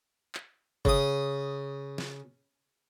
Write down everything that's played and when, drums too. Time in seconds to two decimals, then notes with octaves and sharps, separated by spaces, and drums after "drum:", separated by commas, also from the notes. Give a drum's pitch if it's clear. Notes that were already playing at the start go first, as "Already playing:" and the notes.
0.35 drum: clap
0.85 C#3 D#6, drum: kick G1
1.98 drum: snare